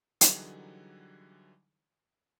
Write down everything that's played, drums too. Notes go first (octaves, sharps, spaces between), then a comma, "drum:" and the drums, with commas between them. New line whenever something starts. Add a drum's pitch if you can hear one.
D3 E3 F#3 G3 D#4 G#4, drum: hi-hat